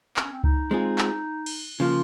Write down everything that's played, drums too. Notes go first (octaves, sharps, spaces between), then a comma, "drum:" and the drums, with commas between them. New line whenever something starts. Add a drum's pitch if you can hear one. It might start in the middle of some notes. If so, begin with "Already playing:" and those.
C4, drum: clap
C#4
C4
D#4, drum: kick C#2
G#3 C4 F4 G#4
drum: clap
drum: cymbal
C#3 F3 A#3 F4